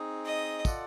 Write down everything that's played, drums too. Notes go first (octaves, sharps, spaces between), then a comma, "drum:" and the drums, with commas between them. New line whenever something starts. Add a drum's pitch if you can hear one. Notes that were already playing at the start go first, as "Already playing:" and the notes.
Already playing: C4 D#4 G#4
D#5
F4 A4 D5 F#5, drum: kick, tambourine